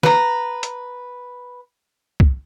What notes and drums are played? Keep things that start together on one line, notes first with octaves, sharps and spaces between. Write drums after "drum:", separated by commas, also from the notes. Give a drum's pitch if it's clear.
B4 A#5, drum: snare
drum: hi-hat
drum: kick